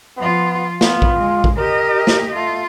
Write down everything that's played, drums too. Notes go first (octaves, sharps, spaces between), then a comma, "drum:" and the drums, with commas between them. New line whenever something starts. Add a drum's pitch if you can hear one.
F3 B3 F4
B3 F4, drum: snare
drum: kick A#1
G#3
drum: kick A#1
G4 A#4 D#5
drum: snare
A3 F4